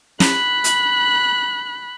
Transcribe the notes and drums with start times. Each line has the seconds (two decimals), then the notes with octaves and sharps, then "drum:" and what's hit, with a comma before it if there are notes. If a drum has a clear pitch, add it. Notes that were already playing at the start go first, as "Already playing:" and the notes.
0.20 B5 F#6, drum: snare
0.64 drum: hi-hat